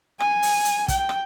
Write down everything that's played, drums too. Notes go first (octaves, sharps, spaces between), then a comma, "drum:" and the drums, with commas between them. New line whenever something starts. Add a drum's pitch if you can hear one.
G#5, drum: rim click
drum: open hi-hat
drum: hi-hat
G5, drum: kick, hi-hat
drum: rim click